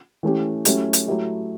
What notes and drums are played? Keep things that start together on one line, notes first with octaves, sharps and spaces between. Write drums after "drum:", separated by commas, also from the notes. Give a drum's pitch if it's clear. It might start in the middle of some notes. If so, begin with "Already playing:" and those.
E3 A3 C#4 G4
F#3 A3 C#4 E4 G4, drum: hi-hat
drum: hi-hat
F#3 A3 E4 G4